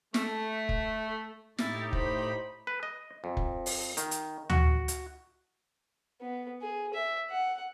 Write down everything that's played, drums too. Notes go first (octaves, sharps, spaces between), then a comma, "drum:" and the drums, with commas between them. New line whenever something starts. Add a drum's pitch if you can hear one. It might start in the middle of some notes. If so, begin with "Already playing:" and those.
A3, drum: snare
drum: kick F1
A2 D#4 E4 G4 A6, drum: snare
C5 B5, drum: kick F1
B4
D#5
F2
drum: kick F1
drum: open hi-hat
D#3, drum: hi-hat
drum: hi-hat
F#4, drum: tom
drum: hi-hat
B3
G#4
E5
F#5